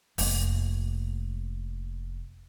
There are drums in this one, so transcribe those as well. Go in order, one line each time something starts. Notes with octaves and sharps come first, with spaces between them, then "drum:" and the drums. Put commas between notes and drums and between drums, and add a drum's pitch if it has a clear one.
F1 A#3, drum: open hi-hat